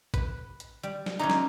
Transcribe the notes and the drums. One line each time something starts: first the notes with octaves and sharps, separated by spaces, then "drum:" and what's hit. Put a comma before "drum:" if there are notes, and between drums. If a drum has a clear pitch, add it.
B4, drum: kick A1, hi-hat
drum: hi-hat
G3
drum: snare
D3 E3 C#4 D#4 A#5
drum: snare